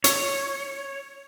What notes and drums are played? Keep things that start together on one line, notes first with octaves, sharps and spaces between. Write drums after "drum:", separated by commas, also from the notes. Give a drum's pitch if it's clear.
C#5, drum: hi-hat